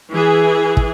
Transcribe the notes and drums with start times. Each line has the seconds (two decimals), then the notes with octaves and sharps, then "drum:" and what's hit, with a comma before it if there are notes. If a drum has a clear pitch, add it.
0.12 E3 G#4
0.77 drum: kick